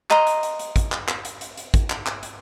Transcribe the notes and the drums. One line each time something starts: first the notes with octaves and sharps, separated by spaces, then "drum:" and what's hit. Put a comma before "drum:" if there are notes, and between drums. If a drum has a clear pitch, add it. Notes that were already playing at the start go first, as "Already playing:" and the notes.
D#5 A#5 C6, drum: clap
drum: hi-hat
drum: hi-hat
drum: hi-hat
drum: kick, hi-hat
drum: clap
drum: clap
drum: hi-hat
drum: hi-hat
drum: hi-hat
drum: kick, hi-hat
drum: clap
drum: clap
drum: hi-hat